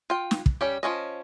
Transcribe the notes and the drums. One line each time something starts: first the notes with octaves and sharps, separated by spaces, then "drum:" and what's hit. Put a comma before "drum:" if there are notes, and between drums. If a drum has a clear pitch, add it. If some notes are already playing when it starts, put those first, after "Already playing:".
F4 G5
drum: snare
drum: kick
G3 C#4 G4
F3 C4 C#4 D#5